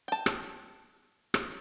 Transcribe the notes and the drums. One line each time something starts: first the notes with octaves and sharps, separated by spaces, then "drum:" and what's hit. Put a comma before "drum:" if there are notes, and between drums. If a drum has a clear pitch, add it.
G5 A5
drum: rim click
drum: rim click